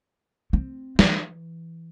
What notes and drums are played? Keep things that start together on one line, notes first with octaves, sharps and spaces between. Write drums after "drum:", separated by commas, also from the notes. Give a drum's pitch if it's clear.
C4
E3, drum: snare